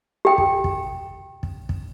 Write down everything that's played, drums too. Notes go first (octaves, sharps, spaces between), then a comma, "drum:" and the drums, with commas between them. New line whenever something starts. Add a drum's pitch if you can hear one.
G4 G5
drum: kick
drum: kick
drum: kick
drum: kick